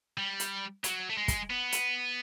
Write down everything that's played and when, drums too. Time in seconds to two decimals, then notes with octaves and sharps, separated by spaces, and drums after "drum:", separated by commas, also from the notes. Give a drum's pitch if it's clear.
0.18 G3
0.40 drum: hi-hat
0.84 F#3, drum: hi-hat
1.10 A3
1.17 G#3
1.28 drum: kick, hi-hat
1.50 B3
1.72 drum: hi-hat